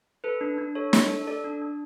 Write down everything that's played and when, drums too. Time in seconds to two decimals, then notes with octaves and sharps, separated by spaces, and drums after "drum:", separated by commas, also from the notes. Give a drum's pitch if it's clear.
0.24 A4 B4
0.41 D4
0.58 D4
0.75 A4 C#5
0.93 D4, drum: snare
1.10 A4
1.27 A4 D5
1.44 D4
1.62 D4